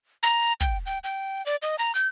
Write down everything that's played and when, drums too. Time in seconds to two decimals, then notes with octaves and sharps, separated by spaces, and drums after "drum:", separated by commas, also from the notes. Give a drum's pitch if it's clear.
0.23 A#5
0.61 G5, drum: kick
0.86 G5
1.04 G5
1.46 D5
1.62 D#5
1.79 A#5
1.95 G6